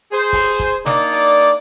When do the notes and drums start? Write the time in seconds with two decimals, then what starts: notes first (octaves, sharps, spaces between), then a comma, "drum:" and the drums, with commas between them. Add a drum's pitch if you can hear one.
0.12 G#4 C5
0.33 drum: kick, open hi-hat
0.59 drum: kick, hi-hat
0.86 A#3 D4 D#4 D5, drum: snare
1.13 drum: hi-hat
1.40 drum: hi-hat